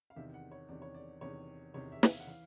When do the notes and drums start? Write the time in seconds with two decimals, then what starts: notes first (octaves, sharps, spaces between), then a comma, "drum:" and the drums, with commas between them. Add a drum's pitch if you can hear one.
0.10 F5
0.16 E2 C3 D#3 E5
0.34 F#5
0.52 C#5
0.69 E2 C3 D#3 D5
0.82 C#5
0.95 D5
1.21 E2 C3 D#3 C#5
1.74 E2 C3 D#3 C#5
1.92 E5
2.03 E5, drum: snare
2.10 F5
2.20 F#5
2.27 E3 F5